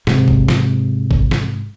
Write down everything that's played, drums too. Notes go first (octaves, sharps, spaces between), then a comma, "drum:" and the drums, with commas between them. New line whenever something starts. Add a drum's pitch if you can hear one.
G#2 C3 F#3, drum: snare
drum: kick A1
drum: snare
drum: kick A1
drum: snare